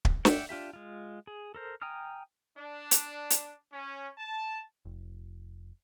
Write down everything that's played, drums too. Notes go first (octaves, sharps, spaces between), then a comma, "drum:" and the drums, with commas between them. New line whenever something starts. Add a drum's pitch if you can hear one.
drum: kick
D5 E5 F#5 G5, drum: snare
D4 F4 G4 E5
G#3 F4
G#4
A4 A#4 C5
G5 G#5 A#5 D#6 F6
D4
drum: hi-hat
drum: hi-hat
C#4
A5
F1